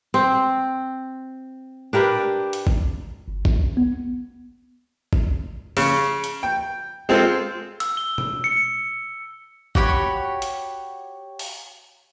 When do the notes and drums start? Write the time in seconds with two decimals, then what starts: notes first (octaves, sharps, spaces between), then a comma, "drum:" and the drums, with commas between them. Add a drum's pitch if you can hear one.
0.14 C4
1.93 D4 G4 A#4 B4
2.53 drum: hi-hat
2.67 drum: kick G#1
3.28 G1
3.45 D2, drum: kick G#1
3.77 B3
5.13 drum: kick G#1
5.77 C#3, drum: open hi-hat
6.24 drum: hi-hat
6.43 G5
7.09 G#3 C4 F4 A4
7.80 E6, drum: hi-hat
7.97 G7
8.18 drum: tom B2
8.44 C#7
9.75 F#4 G4 C#5 B5, drum: kick G#1
10.42 drum: hi-hat
11.39 drum: open hi-hat